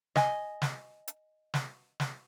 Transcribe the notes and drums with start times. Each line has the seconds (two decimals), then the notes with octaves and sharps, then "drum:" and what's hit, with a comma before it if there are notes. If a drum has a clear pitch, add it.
0.16 D#5 G#5, drum: snare
0.62 drum: snare
1.08 drum: hi-hat
1.54 drum: snare
2.00 drum: snare